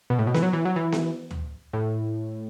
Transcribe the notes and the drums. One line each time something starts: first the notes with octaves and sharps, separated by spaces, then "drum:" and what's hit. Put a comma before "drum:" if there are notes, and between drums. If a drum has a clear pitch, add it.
B2
A2
B2
E3, drum: snare B3
F#3
E3
F#3
E3
drum: snare B3
drum: tom D2
A2